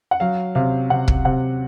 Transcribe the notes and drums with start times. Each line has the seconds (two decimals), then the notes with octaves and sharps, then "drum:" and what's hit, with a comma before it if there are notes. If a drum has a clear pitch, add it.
0.11 F#5
0.20 F#3 F5
0.55 C3 F5
0.90 C3 F#5
1.08 drum: kick
1.25 C3 F#5